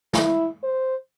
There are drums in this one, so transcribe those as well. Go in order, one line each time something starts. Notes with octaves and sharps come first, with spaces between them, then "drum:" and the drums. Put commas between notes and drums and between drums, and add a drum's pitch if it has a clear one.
E4, drum: snare
C5